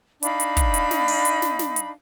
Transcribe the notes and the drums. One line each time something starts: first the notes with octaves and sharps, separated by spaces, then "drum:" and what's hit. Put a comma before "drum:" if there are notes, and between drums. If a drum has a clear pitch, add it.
D4 D#4 F5 B5, drum: hi-hat
drum: hi-hat
drum: kick, hi-hat
drum: hi-hat
drum: snare
drum: open hi-hat
drum: hi-hat
drum: snare
drum: snare
drum: hi-hat